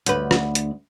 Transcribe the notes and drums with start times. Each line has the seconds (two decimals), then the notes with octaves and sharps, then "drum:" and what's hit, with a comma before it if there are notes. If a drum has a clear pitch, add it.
0.06 D2 B4, drum: hi-hat
0.31 drum: rim click
0.55 drum: hi-hat